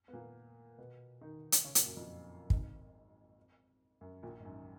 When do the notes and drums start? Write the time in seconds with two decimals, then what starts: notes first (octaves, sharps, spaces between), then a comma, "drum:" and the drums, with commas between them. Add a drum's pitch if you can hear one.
0.08 B3
0.13 A#2 A#3
0.78 B2 B3
1.21 D#3 D#4
1.52 drum: hi-hat
1.64 C#3 C#4
1.75 A#2 A#3, drum: hi-hat
1.86 F#2 F#3
1.97 F2 F3
2.50 G#1 G#2, drum: kick
4.01 F#2
4.23 A#1 A#2
4.40 G#2
4.45 F#2